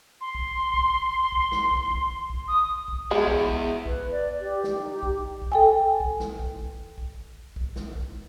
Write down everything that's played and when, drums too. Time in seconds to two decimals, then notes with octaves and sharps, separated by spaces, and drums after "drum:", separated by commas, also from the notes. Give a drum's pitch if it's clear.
0.21 C6
0.35 drum: kick
0.74 drum: kick
1.32 drum: kick
1.52 drum: snare
1.71 drum: kick
1.91 drum: kick
2.30 drum: kick
2.48 D#6
2.88 drum: kick
3.11 E2 G#3
3.27 drum: kick
3.47 drum: kick
3.86 B4, drum: kick
4.11 D5
4.40 G4
4.64 drum: snare
4.80 D#4
4.93 G4
5.03 drum: kick
5.42 drum: kick
5.52 A4 G5 G#5
6.00 drum: kick
6.20 drum: snare
6.39 drum: kick
6.59 drum: kick
6.98 drum: kick
7.56 drum: kick
7.76 drum: snare
7.95 drum: kick